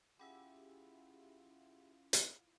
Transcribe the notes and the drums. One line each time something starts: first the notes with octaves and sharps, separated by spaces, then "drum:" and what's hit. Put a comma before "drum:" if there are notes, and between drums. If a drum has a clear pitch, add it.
C#4 E4 F4 G4 G#4 E5 F#5 B5
drum: hi-hat